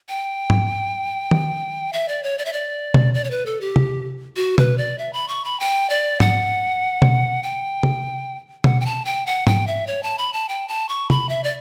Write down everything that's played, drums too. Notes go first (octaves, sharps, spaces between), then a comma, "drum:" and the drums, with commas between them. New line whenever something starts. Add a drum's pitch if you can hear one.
G5
drum: tom G#2
drum: tom D#3
E5
D5
C#5
D5
E5
D5
drum: tom B2
D5
C#5
B4
A4
G4
drum: tom C3
F#4
B4, drum: tom B2
D5
E5
B5
C#6
B5
G5
D5
F#5, drum: tom G#2
drum: tom B2
G5
drum: tom C3
F#5, drum: tom B2
G5
A5
G5
F#5
G5, drum: tom G#2
E5
C#5
A5
B5
A5
G5
A5
C#6
B5, drum: tom C3
E5
D5